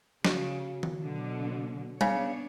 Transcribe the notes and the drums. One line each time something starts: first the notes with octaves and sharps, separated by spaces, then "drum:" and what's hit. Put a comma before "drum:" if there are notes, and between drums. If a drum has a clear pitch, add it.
C#3 F#4, drum: snare
drum: tom D#3
B2 D3 F#3
C#3 B3 D4 C#5, drum: tom G3